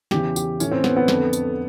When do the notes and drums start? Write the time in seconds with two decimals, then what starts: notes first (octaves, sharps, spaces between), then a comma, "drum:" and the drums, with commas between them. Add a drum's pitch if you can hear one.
0.11 E2 C#3 E3 G4, drum: snare
0.36 G4, drum: tambourine
0.60 A2 E3 C#4, drum: tambourine
0.72 C4
0.84 B3, drum: snare
0.97 B3
1.08 F2 D3, drum: snare
1.33 drum: tambourine